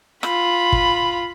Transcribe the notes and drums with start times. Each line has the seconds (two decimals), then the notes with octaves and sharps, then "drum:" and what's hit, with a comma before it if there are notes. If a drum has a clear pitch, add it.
0.23 F4 B5, drum: rim click
0.72 drum: kick